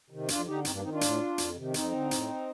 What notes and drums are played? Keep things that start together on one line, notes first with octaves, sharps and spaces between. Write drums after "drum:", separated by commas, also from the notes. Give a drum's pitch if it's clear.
C3 D#3
F2 D4 F4, drum: hi-hat
D3 D#4 G4
G2 C4 D#4, drum: hi-hat
A#3 D4
D#3 C4 D#4
D4 F4
A2, drum: hi-hat
F2, drum: hi-hat
C3 D#3
F2 C4 D#4, drum: hi-hat
D3
A2, drum: hi-hat